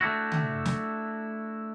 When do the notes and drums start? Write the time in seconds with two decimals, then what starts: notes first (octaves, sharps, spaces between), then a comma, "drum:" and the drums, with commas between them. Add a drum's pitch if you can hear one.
0.01 A3 D4 E4 F#4
0.32 drum: tom C#3
0.66 drum: snare